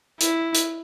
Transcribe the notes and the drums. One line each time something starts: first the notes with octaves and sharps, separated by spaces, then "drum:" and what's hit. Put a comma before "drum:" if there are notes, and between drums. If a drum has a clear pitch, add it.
E4, drum: hi-hat
drum: hi-hat